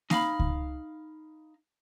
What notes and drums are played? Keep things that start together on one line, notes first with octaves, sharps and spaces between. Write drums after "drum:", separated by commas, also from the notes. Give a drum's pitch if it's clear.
D#4 F5 B5, drum: snare A#3
drum: kick C#2